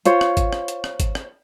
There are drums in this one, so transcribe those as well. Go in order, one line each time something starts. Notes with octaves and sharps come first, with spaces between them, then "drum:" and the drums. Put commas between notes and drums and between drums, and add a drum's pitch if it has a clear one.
F4 C5 C#5, drum: hi-hat
drum: rim click
drum: kick G#1, hi-hat
drum: rim click
drum: hi-hat
drum: rim click
drum: kick G#1, hi-hat
drum: rim click